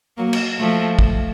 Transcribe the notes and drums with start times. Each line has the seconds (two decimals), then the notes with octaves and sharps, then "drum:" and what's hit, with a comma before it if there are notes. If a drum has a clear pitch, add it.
0.17 F#3 A#3
0.33 drum: cymbal
0.59 F3 A3
0.99 drum: kick